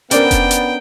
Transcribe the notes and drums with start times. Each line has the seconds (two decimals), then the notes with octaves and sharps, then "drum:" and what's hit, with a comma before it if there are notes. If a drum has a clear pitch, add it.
0.11 B3 C#4 D4 A#4 C5 D5 G5, drum: hi-hat
0.31 drum: kick F1, hi-hat
0.51 drum: hi-hat